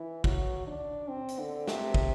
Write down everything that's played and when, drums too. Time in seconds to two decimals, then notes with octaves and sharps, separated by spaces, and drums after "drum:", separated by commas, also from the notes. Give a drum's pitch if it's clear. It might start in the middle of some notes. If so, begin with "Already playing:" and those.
Already playing: E3
0.24 F#3, drum: kick
0.68 D4
1.09 C4
1.28 drum: hi-hat
1.39 D3
1.68 C3, drum: snare
1.94 drum: kick